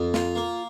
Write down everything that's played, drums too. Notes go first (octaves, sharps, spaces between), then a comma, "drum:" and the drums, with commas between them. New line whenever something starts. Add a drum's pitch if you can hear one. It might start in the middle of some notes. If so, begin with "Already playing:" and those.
Already playing: F2
F4, drum: snare
A#3